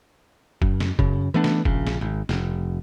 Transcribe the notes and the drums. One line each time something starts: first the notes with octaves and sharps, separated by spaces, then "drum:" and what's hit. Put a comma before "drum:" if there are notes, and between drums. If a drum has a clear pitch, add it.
F#2, drum: kick F1
drum: snare
F#2 C#3, drum: kick F1
E3 A3 B3 D4
drum: snare
A#1 C#3, drum: kick F1
drum: snare
G#1
F1, drum: snare